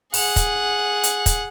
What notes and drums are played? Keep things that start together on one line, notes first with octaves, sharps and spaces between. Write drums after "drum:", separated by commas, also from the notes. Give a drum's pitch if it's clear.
G#4 F#5, drum: open hi-hat
drum: kick, hi-hat
drum: hi-hat
drum: kick, hi-hat